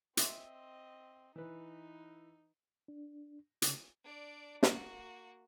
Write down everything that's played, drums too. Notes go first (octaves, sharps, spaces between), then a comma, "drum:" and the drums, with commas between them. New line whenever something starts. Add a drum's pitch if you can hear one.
C4 D#5 E5 C6, drum: hi-hat
E3 D#4 B4
D4
C#3, drum: hi-hat
D4 D5
A#3 F#4, drum: snare